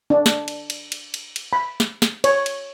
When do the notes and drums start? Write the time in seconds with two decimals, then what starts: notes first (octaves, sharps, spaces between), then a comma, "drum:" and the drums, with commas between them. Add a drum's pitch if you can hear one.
0.10 D4
0.26 drum: snare
0.48 drum: cymbal
0.70 drum: cymbal
0.92 drum: cymbal
1.14 drum: cymbal
1.36 drum: cymbal
1.53 B5
1.80 drum: snare
2.02 drum: snare
2.24 C#5, drum: cymbal
2.46 drum: cymbal